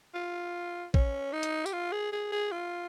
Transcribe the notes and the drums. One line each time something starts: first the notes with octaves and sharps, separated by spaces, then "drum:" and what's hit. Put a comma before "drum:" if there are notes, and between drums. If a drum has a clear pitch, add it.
F4
C#4, drum: kick
D#4
drum: hi-hat
G4, drum: tambourine
F4
G#4
G#4
G#4
F4